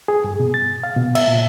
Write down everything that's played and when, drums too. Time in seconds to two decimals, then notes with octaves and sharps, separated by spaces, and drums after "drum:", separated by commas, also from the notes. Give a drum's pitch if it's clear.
0.08 G#4
0.24 G2
0.40 B2
0.54 A6
0.83 F5
0.97 B2
1.15 E5, drum: cymbal
1.28 A#2